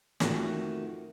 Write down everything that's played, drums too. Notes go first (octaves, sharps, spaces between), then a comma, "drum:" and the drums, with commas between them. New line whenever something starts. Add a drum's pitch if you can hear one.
F2 D#3 A3 F#4, drum: snare